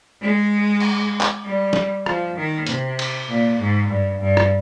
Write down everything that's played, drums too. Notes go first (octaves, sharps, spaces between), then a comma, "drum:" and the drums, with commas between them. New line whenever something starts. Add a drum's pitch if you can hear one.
G#3
drum: cymbal
drum: clap
G3
drum: snare
F3, drum: rim click
D#3
C3, drum: hi-hat
drum: cymbal
A#2
G#2
G2
G2
drum: rim click